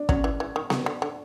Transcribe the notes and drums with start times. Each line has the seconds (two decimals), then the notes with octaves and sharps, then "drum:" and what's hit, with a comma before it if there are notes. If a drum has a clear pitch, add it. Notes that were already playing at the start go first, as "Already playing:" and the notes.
Already playing: D4
0.09 F#3 C#4, drum: kick
0.24 E3
0.40 E3
0.56 D#3
0.70 C#3, drum: snare B3
0.86 D3
1.02 D3